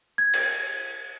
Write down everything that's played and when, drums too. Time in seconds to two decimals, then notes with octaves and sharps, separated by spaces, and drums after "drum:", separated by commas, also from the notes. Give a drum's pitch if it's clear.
0.18 G#6
0.33 drum: cymbal